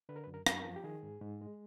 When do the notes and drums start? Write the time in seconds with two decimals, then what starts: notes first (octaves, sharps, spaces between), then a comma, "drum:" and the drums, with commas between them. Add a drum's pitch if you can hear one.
0.09 D3 B4
0.16 A#4
0.24 B4
0.27 F#2
0.34 A#4
0.46 F#2, drum: rim click
0.60 A#4
0.65 F3
0.76 G4
0.84 D#3 G#4
1.03 G#2
1.22 G#2
1.41 G#3